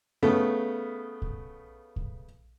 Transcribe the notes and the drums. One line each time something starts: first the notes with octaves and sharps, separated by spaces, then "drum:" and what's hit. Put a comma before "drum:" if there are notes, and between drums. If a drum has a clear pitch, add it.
C#3 A3 B3
drum: kick
drum: kick